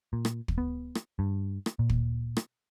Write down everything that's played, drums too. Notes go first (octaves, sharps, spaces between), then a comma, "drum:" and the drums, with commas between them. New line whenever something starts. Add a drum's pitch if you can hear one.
A#2
drum: rim click
drum: kick
B3
drum: rim click
G2
drum: rim click
A#2
drum: kick
drum: rim click